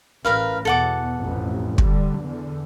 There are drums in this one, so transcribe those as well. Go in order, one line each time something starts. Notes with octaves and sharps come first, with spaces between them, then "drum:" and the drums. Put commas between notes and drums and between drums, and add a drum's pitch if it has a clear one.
A1 A#4 B4 F5
E2 B2 A4 F#5 D6
A1 F2
D3 G3, drum: kick
E2 D3